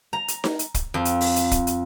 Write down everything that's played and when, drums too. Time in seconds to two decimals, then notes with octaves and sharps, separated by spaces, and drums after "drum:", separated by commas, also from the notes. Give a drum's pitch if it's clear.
0.13 A#5
0.28 drum: hi-hat
0.44 drum: snare D#4
0.59 drum: hi-hat
0.74 drum: kick, hi-hat
0.94 F2
1.05 drum: hi-hat
1.21 drum: open hi-hat
1.36 drum: hi-hat
1.51 drum: kick, hi-hat
1.67 drum: hi-hat